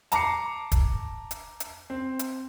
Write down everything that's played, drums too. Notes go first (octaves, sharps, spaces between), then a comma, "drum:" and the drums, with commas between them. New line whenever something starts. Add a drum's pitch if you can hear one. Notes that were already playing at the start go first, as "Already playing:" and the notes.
A5 A#5 D6 C7 C#7, drum: hi-hat
drum: kick, hi-hat
drum: hi-hat
drum: hi-hat
C4
drum: hi-hat